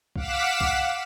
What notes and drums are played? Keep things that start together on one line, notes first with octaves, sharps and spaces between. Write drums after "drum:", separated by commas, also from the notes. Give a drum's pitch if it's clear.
F5 F#5 D6 B6 E7, drum: kick C2
drum: kick C2